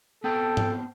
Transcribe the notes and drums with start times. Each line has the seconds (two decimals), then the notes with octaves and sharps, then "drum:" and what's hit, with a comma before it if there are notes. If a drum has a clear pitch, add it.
0.24 B3 C4 A4 G5 A5
0.57 drum: tom G#2